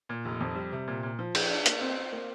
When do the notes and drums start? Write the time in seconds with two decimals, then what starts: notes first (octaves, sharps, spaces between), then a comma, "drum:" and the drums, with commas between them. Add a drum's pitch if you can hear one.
0.09 A#2
0.25 F1
0.41 F2
0.55 G3
0.72 C3
0.88 A#2
1.03 A#2
1.19 F3
1.35 F3, drum: cymbal
1.50 D4
1.66 A#3, drum: hi-hat
1.81 C4
1.98 C4
2.12 A#3